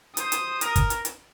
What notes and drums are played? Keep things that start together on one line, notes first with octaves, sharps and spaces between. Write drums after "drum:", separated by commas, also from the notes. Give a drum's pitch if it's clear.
C5 D#6, drum: hi-hat
drum: hi-hat
A#4, drum: hi-hat
drum: kick, hi-hat
drum: hi-hat
drum: hi-hat